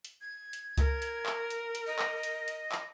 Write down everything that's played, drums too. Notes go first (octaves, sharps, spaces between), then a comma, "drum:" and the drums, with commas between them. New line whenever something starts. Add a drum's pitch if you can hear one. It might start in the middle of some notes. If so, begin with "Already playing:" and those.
drum: hi-hat
G#6
drum: hi-hat
A#4, drum: kick C#2, hi-hat
drum: hi-hat
drum: clap
drum: hi-hat
drum: hi-hat
D#5
drum: clap
drum: hi-hat
drum: hi-hat
drum: clap